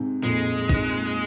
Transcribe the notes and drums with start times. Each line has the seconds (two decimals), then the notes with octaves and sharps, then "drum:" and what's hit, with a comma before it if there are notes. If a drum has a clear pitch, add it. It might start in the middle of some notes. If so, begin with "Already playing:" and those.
Already playing: G#2 C3
0.23 F2 A#2 G#3
0.69 G#2 C3, drum: kick